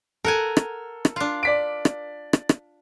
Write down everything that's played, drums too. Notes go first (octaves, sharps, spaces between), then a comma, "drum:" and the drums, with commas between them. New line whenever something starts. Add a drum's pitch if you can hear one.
A4 A#4 F#5 G#5
drum: rim click
drum: rim click
D4 F4
D5 B6 D7
drum: rim click
drum: rim click
drum: rim click